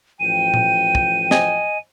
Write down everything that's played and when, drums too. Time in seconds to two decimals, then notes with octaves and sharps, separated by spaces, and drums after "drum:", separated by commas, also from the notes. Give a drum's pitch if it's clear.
0.20 A1 F3 G5 D#7
0.54 drum: tom A#2
0.95 drum: kick
1.31 D#5 G#5, drum: snare